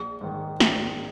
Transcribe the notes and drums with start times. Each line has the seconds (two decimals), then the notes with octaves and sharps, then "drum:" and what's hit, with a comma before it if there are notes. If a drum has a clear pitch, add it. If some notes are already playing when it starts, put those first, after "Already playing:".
Already playing: A#1 G#4
0.21 G#2 D#3
0.60 A#1, drum: snare